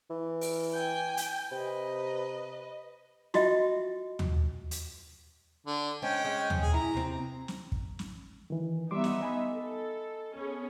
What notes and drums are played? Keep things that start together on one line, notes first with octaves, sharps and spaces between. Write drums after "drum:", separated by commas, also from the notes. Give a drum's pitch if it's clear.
E3
drum: open hi-hat
G5 G#5 G6
drum: hi-hat
C3 B4 D#5
F4 F#4 D#5 E5 G5, drum: snare
drum: tom D#2
drum: hi-hat
D3
G#3 C4 C#4 G5
G#3
drum: tom D#2
G#4
E4 A#5
C3 C4
drum: snare
drum: kick
drum: snare
D#3 E3
G3 B3 D#4 E5 C6 D6
drum: snare
D#5 G#5 B5
A4
B3 C#4 G#4